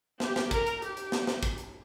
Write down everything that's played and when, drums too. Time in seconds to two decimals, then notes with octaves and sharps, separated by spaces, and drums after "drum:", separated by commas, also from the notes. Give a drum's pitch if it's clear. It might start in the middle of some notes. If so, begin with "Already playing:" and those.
0.20 G4, drum: snare
0.36 drum: snare
0.51 A#4, drum: kick, hi-hat
0.66 drum: hi-hat
0.82 G4, drum: hi-hat
0.97 drum: hi-hat
1.12 drum: snare
1.27 drum: snare
1.43 drum: kick, hi-hat
1.58 drum: hi-hat